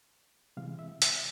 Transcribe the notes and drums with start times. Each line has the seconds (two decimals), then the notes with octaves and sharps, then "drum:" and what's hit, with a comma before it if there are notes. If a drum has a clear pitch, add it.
0.57 C3 E3 G#3 F5
0.79 E5
1.02 E5, drum: hi-hat